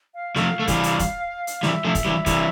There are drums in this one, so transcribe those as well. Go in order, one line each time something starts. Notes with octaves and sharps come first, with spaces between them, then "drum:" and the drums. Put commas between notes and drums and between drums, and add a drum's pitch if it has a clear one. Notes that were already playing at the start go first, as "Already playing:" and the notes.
F5
F3 A3 F5, drum: snare
A3
E3 G3, drum: kick, hi-hat
drum: hi-hat
drum: kick, hi-hat
drum: hi-hat
E3 G3 E5, drum: snare
F3 A3
drum: kick, hi-hat
E3 G3
E3 G3, drum: kick, hi-hat